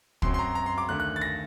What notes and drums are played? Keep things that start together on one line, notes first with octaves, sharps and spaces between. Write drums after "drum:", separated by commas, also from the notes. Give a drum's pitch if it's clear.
F#2 F#3 C4 C6, drum: kick
C6
A#5
A#5
C6
D6
D#2 D3 A3 F#6
F#6
A6
A#6